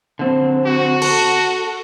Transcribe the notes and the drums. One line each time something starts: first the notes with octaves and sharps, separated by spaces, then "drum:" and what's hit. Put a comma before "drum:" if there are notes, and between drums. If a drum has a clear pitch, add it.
D3 C4
F#4
A4, drum: cymbal